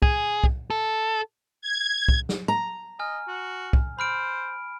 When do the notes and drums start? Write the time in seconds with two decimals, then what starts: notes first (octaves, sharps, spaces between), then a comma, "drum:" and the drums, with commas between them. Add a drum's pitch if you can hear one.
0.02 G#4, drum: kick C2
0.44 drum: kick C2
0.70 A4
1.61 G#6
2.08 drum: kick C2
2.29 drum: snare
2.48 A#5
2.99 D#5 G#5 F6
3.28 F#4
3.73 drum: kick C2
3.99 C5 B5 F6 D7